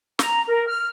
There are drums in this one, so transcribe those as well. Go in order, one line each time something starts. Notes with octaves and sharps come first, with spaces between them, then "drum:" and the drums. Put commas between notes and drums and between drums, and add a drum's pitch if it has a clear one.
A#5, drum: snare
A#4
F6